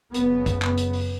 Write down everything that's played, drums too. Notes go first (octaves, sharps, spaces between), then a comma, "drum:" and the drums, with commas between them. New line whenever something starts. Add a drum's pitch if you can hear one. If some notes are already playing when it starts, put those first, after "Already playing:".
F#1 F#2 C#3 B3, drum: hi-hat
drum: kick, hi-hat
B3, drum: clap
drum: hi-hat
drum: open hi-hat